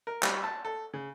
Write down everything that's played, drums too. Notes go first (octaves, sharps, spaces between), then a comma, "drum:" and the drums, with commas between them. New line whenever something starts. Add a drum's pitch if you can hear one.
A#4
G3, drum: clap
A5
A4
C#3